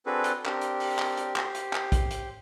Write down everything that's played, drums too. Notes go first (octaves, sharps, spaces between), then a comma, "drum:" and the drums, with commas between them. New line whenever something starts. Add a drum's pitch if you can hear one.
C4 D4 F#4 G#4 A4 B4
drum: hi-hat
C4 D4 G4 A#4, drum: clap
drum: hi-hat
drum: open hi-hat
drum: clap
drum: hi-hat
G4 C5, drum: clap
drum: hi-hat
drum: clap
drum: kick, hi-hat
drum: hi-hat